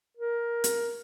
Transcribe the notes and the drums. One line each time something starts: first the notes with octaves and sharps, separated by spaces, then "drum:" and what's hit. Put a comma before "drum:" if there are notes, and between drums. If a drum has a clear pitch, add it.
A#4
drum: hi-hat